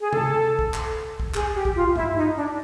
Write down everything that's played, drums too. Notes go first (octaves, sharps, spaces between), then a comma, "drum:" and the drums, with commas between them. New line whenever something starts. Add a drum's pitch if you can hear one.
G#4
A4, drum: tom C3
drum: kick
drum: clap
drum: kick
G#4, drum: clap
G4
drum: kick
F4
E4, drum: tom G2
D#4
D4